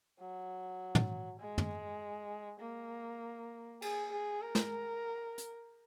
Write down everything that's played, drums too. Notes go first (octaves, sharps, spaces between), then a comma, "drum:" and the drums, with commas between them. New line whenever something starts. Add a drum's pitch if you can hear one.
F#3
drum: tom
G#3
drum: tom F#2
A#3
G#4, drum: cymbal
G#4
A#4
drum: snare
drum: hi-hat